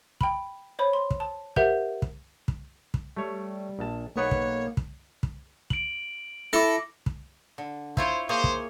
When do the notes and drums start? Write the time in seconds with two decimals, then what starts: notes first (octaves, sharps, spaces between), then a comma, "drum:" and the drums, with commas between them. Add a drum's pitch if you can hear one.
0.21 G5 B5, drum: kick
0.79 C5 C#5 B5
0.93 C6
1.11 drum: kick
1.20 A5
1.56 G4 A#4 C5 E5 F#5 G6, drum: kick
2.02 drum: kick
2.48 drum: kick
2.94 drum: kick
3.17 G3 A3 C#5
3.79 A#1 A5
4.16 B1 A#3 B3 C#5 F#5
4.31 drum: kick
4.77 drum: kick
5.23 drum: kick
5.70 D7 F#7, drum: kick
6.53 E4 A4 D6 A#6
7.06 drum: kick
7.58 D3
7.97 E4 F4 C5 C#5, drum: kick
8.29 A#3 G#4 C5 C#5
8.44 drum: kick